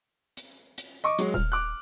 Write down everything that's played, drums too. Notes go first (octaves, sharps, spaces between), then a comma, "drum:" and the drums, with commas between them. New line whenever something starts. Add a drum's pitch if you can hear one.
drum: hi-hat
drum: hi-hat
D#5 C#6 D6
F#3 G#3, drum: hi-hat
D#1 F6
D6 F#6